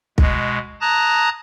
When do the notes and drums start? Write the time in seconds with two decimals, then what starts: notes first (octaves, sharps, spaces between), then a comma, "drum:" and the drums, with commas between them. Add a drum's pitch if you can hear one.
0.18 B2 G#3, drum: kick
0.81 A5 A#5 D#6 F#6 G#6 A#6